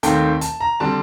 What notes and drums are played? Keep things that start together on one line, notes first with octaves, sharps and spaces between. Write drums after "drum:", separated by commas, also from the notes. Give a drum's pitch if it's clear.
D#2 D#3 A3 C4 G5, drum: hi-hat
A5, drum: hi-hat
A#5
D3 G3 C4 A5